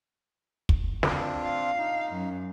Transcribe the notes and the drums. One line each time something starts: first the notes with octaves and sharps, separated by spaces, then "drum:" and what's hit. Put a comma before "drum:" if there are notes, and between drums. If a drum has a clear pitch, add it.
drum: kick
C4 D4 F4, drum: snare
F5
D#4
F#2